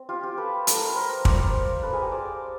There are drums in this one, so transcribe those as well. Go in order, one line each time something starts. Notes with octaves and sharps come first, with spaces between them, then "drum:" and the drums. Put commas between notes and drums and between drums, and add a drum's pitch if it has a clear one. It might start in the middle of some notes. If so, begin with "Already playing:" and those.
Already playing: C4
F4 G4
F4 G4
A4 B4
A4, drum: hi-hat
A#4
B4
A#4 C5
C5 D5, drum: kick
A#4 C5
A4 B4
G#4 A#4
G4 A4
C5 D5